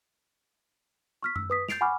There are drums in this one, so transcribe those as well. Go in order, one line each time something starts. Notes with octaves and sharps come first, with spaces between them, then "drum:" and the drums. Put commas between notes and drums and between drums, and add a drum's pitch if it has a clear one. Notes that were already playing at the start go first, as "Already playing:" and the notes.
C#6 F6 B6
E6, drum: tom F#2
B4 D#6 B6
G6 A6 C7 D7 F7, drum: snare
F#5 G#5 B5 C#6 D6 F6